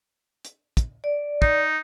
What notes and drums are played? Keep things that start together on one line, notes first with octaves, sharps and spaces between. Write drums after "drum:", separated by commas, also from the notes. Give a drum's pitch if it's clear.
drum: hi-hat
drum: kick, hi-hat
D5
D#4, drum: kick